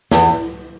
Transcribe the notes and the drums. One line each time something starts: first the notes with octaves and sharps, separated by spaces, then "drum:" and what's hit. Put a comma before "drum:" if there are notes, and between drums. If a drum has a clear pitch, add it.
E2, drum: snare